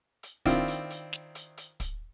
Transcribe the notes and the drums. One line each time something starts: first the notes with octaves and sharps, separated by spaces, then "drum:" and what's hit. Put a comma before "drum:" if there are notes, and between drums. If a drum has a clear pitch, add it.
drum: hi-hat
D#3 C4 D4 E4 F4, drum: kick, hi-hat
drum: hi-hat
drum: hi-hat
drum: snare
drum: hi-hat
drum: hi-hat
drum: kick, hi-hat